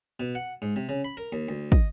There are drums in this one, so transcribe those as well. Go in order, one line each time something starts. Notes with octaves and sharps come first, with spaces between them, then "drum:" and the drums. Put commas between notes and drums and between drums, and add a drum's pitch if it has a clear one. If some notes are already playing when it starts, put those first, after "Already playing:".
B2
F#5
G#2
C3
C#3
B5
A#4
D#2
D2
D#5, drum: kick